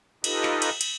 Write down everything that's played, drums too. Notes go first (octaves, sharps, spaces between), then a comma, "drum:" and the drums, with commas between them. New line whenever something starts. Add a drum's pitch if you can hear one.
D#4 F4 G4 A4 B4 D#5, drum: cymbal
drum: clap
drum: cymbal
drum: cymbal